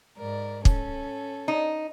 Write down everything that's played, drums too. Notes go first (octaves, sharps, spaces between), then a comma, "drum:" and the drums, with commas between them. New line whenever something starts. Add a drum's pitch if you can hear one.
G#2 A#4 D5
C#4 A4, drum: kick
D#4